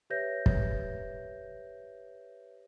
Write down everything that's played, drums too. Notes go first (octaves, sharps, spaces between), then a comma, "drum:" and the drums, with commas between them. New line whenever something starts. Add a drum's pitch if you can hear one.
G4 B4 C#5 E5 G6 A#6
drum: kick